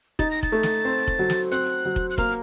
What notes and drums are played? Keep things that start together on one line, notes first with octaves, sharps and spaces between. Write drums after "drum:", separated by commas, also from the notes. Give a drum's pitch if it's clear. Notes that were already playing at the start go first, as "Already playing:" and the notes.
D#4 A6, drum: kick
A#6
A6, drum: kick
A3
drum: snare
C4
drum: kick
F#3
drum: snare
C4 F#6
F#3
drum: kick
F#6
A#3 F6, drum: kick